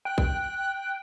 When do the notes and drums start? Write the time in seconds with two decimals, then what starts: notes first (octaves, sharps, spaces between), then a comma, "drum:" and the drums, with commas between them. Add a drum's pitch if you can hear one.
0.05 G5 F#6
0.18 drum: kick